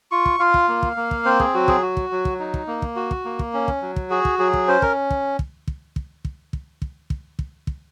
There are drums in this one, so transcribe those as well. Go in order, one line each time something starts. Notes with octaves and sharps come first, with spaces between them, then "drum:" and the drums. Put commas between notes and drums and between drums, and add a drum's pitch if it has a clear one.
F4 C#6
drum: kick
F4 F5
drum: kick
A#3
drum: kick
A#3
drum: kick
C4 C5
G#4, drum: kick
F#3 F#4
G#4, drum: kick
F#4
drum: kick
F#3
drum: kick
D#4
drum: kick
A#3
drum: kick
F#4
drum: kick
A#3
drum: kick
C#4
drum: kick
F#3
drum: kick
F#4 G#4
drum: kick
F#3 G#4
drum: kick
C#4 C5
A#4, drum: kick
drum: kick
drum: kick
drum: kick
drum: kick
drum: kick
drum: kick
drum: kick
drum: kick
drum: kick
drum: kick